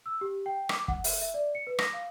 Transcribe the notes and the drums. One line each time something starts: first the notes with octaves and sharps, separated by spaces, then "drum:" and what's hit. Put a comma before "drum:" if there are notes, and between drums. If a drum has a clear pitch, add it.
E6
G4
G5
D6, drum: rim click
F#5, drum: kick
E5, drum: open hi-hat
E5
D5
C#7
B4
A#6, drum: rim click
F5